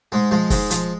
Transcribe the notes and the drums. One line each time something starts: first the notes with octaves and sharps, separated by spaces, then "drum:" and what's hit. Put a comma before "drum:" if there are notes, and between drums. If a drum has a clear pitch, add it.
G#2 G#3
F3 G#3
G#2 G#3, drum: kick, open hi-hat
F3, drum: hi-hat